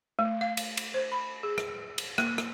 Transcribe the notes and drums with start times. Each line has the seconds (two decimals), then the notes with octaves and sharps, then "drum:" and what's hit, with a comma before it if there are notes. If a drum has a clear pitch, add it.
0.19 A3
0.41 F5
0.57 drum: cymbal
0.77 drum: cymbal
0.94 C5
1.12 B5
1.43 G#4
1.58 drum: rim click
1.98 drum: cymbal
2.18 A#3, drum: rim click
2.38 drum: rim click